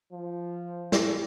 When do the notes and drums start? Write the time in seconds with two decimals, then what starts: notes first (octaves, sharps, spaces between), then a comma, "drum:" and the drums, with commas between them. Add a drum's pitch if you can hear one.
0.13 F3
0.92 E4, drum: snare